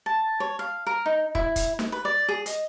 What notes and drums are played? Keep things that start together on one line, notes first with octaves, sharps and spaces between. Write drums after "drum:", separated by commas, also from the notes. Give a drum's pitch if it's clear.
A5
C#5
F5
A#4
D#4
E4, drum: kick
drum: kick, hi-hat
drum: snare
B4
D5
G#4
D#5, drum: hi-hat